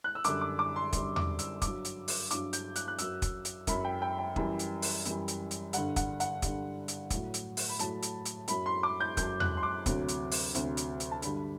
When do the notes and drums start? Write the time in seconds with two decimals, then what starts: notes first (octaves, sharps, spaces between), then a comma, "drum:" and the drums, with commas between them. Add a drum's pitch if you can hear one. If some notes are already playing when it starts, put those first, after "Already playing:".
0.04 F#6
0.15 E6
0.24 F#2 D3 G3 D6, drum: hi-hat
0.41 D6
0.59 D6
0.76 C6
0.93 F#2 D3 G3 C6, drum: kick, hi-hat
1.16 D6, drum: tom E2
1.39 E6, drum: hi-hat
1.62 G2 F#3 D6, drum: kick, hi-hat
1.85 drum: hi-hat
2.08 drum: open hi-hat
2.31 G2 F#3 D6, drum: hi-hat
2.53 G6, drum: hi-hat
2.76 F#6, drum: hi-hat
2.88 F#6
2.99 F#2 F#3 E6, drum: hi-hat
3.22 drum: kick, hi-hat
3.45 drum: hi-hat
3.67 F#2 F#3 B5, drum: kick, hi-hat
3.85 G5
4.02 G5
4.19 G5
4.36 F#2 E3 G3, drum: kick
4.59 drum: hi-hat
4.82 drum: open hi-hat
5.05 F#2 E3 G3, drum: hi-hat
5.28 drum: hi-hat
5.51 drum: hi-hat
5.73 G2 D3 G3 F#5, drum: hi-hat
5.96 F#5, drum: kick, hi-hat
6.20 F#5, drum: hi-hat
6.42 G2 D3 G3, drum: kick, hi-hat
6.88 drum: hi-hat
7.10 A2 F#3, drum: kick, hi-hat
7.34 drum: hi-hat
7.57 drum: open hi-hat
7.69 B5
7.79 A2 F#3 A5, drum: hi-hat
8.03 drum: hi-hat
8.26 drum: hi-hat
8.48 F#2 F#3 B5, drum: hi-hat
8.66 C6
8.83 D6
9.00 G6
9.17 F#2 F#3 G6, drum: kick, hi-hat
9.40 F#6, drum: tom E2
9.57 C6
9.63 D6
9.86 D2 C3 F#3, drum: kick, hi-hat
10.09 drum: hi-hat
10.31 drum: open hi-hat
10.55 D2 C3 F#3, drum: hi-hat
10.77 drum: hi-hat
11.00 drum: hi-hat
11.11 A5
11.22 G2 D3 G3 B5, drum: hi-hat